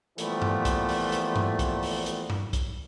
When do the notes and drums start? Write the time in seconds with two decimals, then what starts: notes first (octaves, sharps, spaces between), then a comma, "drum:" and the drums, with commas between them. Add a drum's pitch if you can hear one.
0.18 A#2 E3 F3 G3 A3 B3, drum: hi-hat
0.42 drum: tom G2
0.65 drum: kick, hi-hat
0.89 drum: open hi-hat
1.12 drum: hi-hat
1.36 drum: tom G2
1.59 drum: kick, hi-hat
1.83 drum: open hi-hat
2.06 drum: hi-hat
2.30 drum: tom G2
2.53 drum: kick, hi-hat